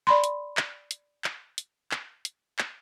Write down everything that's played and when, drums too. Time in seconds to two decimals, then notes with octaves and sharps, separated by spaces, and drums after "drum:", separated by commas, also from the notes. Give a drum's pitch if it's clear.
0.07 D5 B5 C6
0.24 drum: hi-hat
0.57 drum: clap
0.91 drum: hi-hat
1.24 drum: clap
1.58 drum: hi-hat
1.91 drum: clap
2.25 drum: hi-hat
2.59 drum: clap